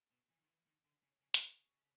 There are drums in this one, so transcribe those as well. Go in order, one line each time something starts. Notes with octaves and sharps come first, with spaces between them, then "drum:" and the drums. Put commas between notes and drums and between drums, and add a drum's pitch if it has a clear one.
B2
E3
D#3
E3
D#3
D3
C#3
C#3
C3, drum: hi-hat
C#3